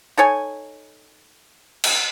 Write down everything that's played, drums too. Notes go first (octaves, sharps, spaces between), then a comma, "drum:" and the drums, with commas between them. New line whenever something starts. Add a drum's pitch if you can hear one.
D#4 A4 C#5 G#5
drum: cymbal